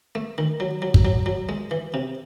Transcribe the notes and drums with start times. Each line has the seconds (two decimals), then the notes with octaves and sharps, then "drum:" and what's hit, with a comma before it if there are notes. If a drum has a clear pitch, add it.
0.15 A3
0.38 D#3
0.60 F#3
0.82 F#3
0.94 drum: kick
1.05 F#3
1.26 F#3
1.49 G#3
1.71 E3
1.94 C3